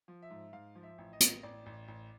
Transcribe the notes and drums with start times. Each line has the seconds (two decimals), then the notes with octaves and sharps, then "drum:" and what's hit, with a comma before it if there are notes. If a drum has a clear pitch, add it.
0.08 F3
0.22 E5
0.30 G#2
0.53 G#2 F5
0.75 F3
0.83 E5
0.98 A1
1.13 D#5
1.20 A1, drum: hi-hat
1.43 A1 D5
1.66 A1
1.88 A1